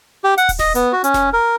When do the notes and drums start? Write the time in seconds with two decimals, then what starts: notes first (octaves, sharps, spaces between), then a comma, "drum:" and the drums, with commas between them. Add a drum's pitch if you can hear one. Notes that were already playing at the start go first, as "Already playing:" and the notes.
0.24 G4
0.38 F#5, drum: hi-hat
0.49 drum: kick D1, open hi-hat
0.59 D#5, drum: snare F1
0.75 B3, drum: hi-hat
0.92 F#4
1.04 C#4, drum: hi-hat
1.14 drum: snare F1
1.33 A#4